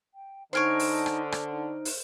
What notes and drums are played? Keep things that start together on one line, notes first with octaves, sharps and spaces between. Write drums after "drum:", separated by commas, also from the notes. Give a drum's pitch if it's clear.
G5
D3 D#4 C5 C#5 G#5 C6 F6 D7
drum: open hi-hat
drum: rim click
drum: rim click
D#4
drum: open hi-hat